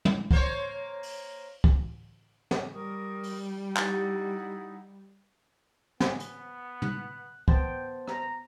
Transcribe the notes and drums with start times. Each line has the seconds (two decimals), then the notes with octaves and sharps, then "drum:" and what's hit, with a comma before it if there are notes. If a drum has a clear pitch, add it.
0.05 drum: tom
0.31 A#3 C5 C#5, drum: kick
1.03 drum: open hi-hat
1.64 drum: kick
2.51 drum: snare
2.73 G3 A#4 C#6 D#6
3.23 drum: open hi-hat
3.76 D#4 E4 G4 F#5 A6, drum: clap
6.00 B3, drum: snare
6.20 drum: hi-hat
6.82 F#6, drum: tom
7.48 B3 C5 G5 A5, drum: kick
8.08 A#5, drum: rim click